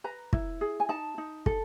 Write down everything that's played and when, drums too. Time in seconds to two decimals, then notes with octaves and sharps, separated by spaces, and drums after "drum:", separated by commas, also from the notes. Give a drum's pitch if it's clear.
0.04 B4 A#5
0.33 E4, drum: kick
0.61 G#4
0.80 G#5
0.89 D#4 A5
1.18 D#4
1.46 A4, drum: kick